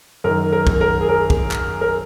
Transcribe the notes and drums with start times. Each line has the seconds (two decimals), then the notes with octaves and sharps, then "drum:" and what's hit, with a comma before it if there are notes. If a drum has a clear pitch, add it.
0.24 F#2 D#3 A#4
0.52 A#4
0.67 drum: kick
0.81 A#4
1.01 G#4
1.09 A#4
1.30 drum: kick
1.51 drum: clap
1.81 A#4